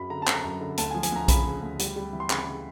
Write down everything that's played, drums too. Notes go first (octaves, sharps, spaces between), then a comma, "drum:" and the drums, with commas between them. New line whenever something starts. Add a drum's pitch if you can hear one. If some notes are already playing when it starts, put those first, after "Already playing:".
Already playing: F#2 F#3 B5
D3 A#5
A5
D3, drum: clap
A#5
F#2
D3
D2 A5, drum: hi-hat
G#5
F3
G#5, drum: hi-hat
D2 A#5
C#3 B5, drum: kick B1, hi-hat
C#3
D2
G3, drum: hi-hat
G3
E3
C6
C#3 B5, drum: clap
C#3